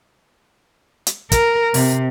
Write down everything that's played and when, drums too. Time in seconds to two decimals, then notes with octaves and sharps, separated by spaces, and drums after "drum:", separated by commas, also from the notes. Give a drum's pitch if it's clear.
1.07 drum: hi-hat
1.32 A#4, drum: kick, hi-hat
1.74 C3, drum: open hi-hat